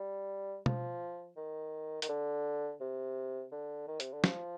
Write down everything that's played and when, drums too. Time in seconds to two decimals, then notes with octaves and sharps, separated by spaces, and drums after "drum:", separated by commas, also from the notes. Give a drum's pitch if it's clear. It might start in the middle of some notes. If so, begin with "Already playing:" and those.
Already playing: G3
0.66 F3, drum: tom B2
1.37 D#3
2.02 D#3, drum: hi-hat
2.09 D3
2.81 C3
3.52 D3
3.88 D#3
4.00 C3, drum: hi-hat
4.13 D3
4.24 F3, drum: snare